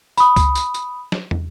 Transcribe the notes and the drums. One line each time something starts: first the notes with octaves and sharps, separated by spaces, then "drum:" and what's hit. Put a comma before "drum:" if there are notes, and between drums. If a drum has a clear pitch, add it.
B5 D#6, drum: tambourine
drum: kick C#2, tambourine
drum: tambourine
drum: tambourine
drum: snare
drum: tom